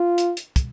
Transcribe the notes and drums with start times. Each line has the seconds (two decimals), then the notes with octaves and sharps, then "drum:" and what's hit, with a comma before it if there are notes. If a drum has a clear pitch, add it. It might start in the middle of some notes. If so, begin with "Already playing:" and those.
Already playing: F4
0.18 drum: hi-hat
0.37 drum: hi-hat
0.56 drum: kick, hi-hat